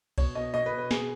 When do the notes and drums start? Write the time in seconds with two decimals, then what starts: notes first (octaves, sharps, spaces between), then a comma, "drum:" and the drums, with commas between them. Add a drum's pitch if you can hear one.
0.18 B2 C#5, drum: kick B1, cymbal
0.35 B2 D#5
0.54 B2 D#5
0.66 B4
0.72 B2
0.78 B4
0.91 B2 G#4, drum: snare